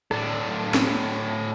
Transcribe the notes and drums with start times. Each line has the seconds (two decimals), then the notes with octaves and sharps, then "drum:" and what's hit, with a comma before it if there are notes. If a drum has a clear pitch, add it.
0.11 A2 D4, drum: rim click
0.74 drum: snare